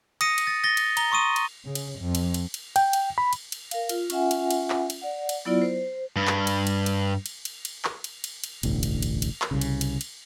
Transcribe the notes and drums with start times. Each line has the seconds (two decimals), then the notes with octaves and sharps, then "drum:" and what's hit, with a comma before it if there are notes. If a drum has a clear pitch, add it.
0.21 D#6 A#6 C#7 D#7, drum: cymbal
0.38 drum: cymbal
0.47 A6
0.64 A6 A#6 G7
0.77 drum: cymbal
0.97 A#5 G7, drum: cymbal
1.12 C6 C#6 D#6 D#7
1.36 drum: cymbal
1.65 C#3
1.75 drum: cymbal
2.00 F2
2.15 drum: cymbal
2.34 drum: cymbal
2.54 drum: cymbal
2.76 G5, drum: cymbal
2.93 drum: cymbal
3.18 B5
3.33 drum: cymbal
3.52 drum: cymbal
3.71 A#4 F5, drum: cymbal
3.89 F4, drum: cymbal
4.10 C#4 F4 E5 F#5 G#5, drum: cymbal
4.31 drum: cymbal
4.51 drum: cymbal
4.70 drum: clap
4.90 drum: cymbal
5.02 D5 F#5
5.29 drum: cymbal
5.45 F#3 B3 E4 F4 D5
5.62 C5
6.16 G2
6.27 drum: clap
6.47 drum: cymbal
6.67 drum: cymbal
6.86 drum: cymbal
7.26 drum: cymbal
7.45 drum: cymbal
7.65 drum: cymbal
7.85 drum: clap
8.04 drum: cymbal
8.24 drum: cymbal
8.44 drum: cymbal
8.63 E1 A1 D2, drum: cymbal
8.83 drum: cymbal
9.03 drum: cymbal
9.22 drum: cymbal
9.42 drum: clap
9.51 C2 C#3
9.61 drum: cymbal
9.81 drum: cymbal
10.01 drum: cymbal